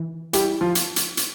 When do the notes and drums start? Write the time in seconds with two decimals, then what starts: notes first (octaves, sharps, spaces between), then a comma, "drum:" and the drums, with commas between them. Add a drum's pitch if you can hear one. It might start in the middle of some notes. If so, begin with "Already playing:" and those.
Already playing: E3
0.33 G3 E4 G4, drum: hi-hat
0.61 F3 F4
0.75 drum: hi-hat
0.96 drum: hi-hat
1.17 drum: hi-hat